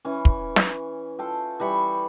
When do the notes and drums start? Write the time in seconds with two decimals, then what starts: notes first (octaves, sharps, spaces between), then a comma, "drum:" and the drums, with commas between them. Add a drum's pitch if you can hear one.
0.05 E3 C#4
0.25 drum: kick
0.56 drum: snare
1.19 F4 A4 G5
1.60 E3 G3 B5 C#6